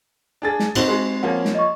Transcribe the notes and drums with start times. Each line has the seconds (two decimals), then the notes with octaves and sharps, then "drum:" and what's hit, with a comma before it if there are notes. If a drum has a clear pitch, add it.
0.42 D4 G#4 A6
0.60 drum: snare
0.75 B2 C4 D#4 F#4 C5 F#7, drum: cymbal
0.88 G#3 F#4
1.23 F3 A#3 C#4 F#5
1.45 drum: snare
1.55 D#5 C#6